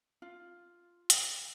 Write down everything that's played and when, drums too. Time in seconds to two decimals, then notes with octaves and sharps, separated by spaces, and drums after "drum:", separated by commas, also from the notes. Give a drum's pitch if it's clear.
0.22 F4
1.10 drum: hi-hat